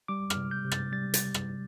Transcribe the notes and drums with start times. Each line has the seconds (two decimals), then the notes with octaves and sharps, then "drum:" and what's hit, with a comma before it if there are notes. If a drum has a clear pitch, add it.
0.08 G3 D6
0.30 F6, drum: rim click
0.36 C3
0.51 G6
0.65 C3
0.72 A6, drum: rim click
0.92 G3 A6
1.14 A6, drum: hi-hat
1.34 drum: rim click